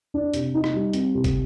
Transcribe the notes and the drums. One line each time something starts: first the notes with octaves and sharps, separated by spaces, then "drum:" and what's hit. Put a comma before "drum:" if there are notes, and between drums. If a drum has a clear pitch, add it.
D4
C3, drum: hi-hat
D#4
drum: rim click
G3
C4, drum: hi-hat
C3
drum: kick, hi-hat